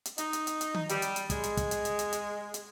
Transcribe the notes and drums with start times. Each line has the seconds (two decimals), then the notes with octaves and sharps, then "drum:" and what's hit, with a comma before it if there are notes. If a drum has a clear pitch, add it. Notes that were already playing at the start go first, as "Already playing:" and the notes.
0.05 drum: hi-hat
0.18 D#4, drum: hi-hat
0.33 drum: hi-hat
0.47 drum: hi-hat
0.61 drum: hi-hat
0.74 drum: tom D#3
0.89 G3, drum: hi-hat
1.02 drum: hi-hat
1.16 drum: hi-hat
1.30 G#3, drum: kick, hi-hat
1.44 drum: hi-hat
1.57 drum: kick, hi-hat
1.71 drum: hi-hat
1.85 drum: hi-hat
1.99 drum: hi-hat
2.13 drum: hi-hat
2.54 drum: hi-hat